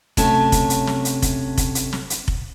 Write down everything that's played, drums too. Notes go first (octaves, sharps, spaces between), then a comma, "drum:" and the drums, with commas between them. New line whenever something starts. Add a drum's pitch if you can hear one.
F#2 C3 F#3 A3 C#4 A5, drum: kick F1, hi-hat
drum: kick F1, hi-hat
drum: hi-hat
drum: snare
drum: hi-hat
drum: kick F1, hi-hat
drum: kick F1, hi-hat
drum: hi-hat
drum: snare
drum: hi-hat
drum: kick F1